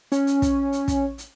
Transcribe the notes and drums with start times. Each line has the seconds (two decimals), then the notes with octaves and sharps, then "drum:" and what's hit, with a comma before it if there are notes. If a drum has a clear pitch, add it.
0.12 C#4, drum: hi-hat
0.27 drum: hi-hat
0.42 drum: kick, hi-hat
0.72 drum: hi-hat
0.88 drum: kick, hi-hat
1.18 drum: hi-hat